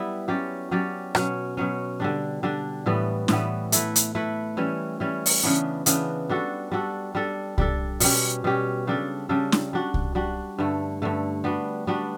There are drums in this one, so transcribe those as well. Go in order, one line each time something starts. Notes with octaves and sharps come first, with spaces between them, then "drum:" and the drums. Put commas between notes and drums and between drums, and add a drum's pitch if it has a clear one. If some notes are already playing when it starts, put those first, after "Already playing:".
Already playing: G3 B3 E4
F#3 C#4 G4 D5
F#3 C#4 G4 D5
B2 F#3 C#4, drum: rim click
B2 F#3 C#4
D3 G3 D4
D3 G3 D4
A2 E3 G3 B3
A2 E3 G3 B3, drum: snare
A3 E4 B4, drum: hi-hat
drum: hi-hat
A3 E4 B4
E3 G3 C#4
E3 G3 C#4
drum: open hi-hat
C#3 E3 B3 D4
C#3 E3 B3 D4, drum: hi-hat
G3 D4 F#4 A4
G3 D4 F#4 A4
G3 D4 A4
G3 D4 A4, drum: kick C2
B2 G3 C#4 G4, drum: open hi-hat
B2 G3 C#4 G4
C#3 G3 D4 A4
C#3 G3 D4 A4
drum: snare
G3 D4 F#4
drum: kick C2
G3 D4 F#4
G2 D3 A3
G2 D3 A3
G3 B3 D4 F#4
G3 B3 D4 F#4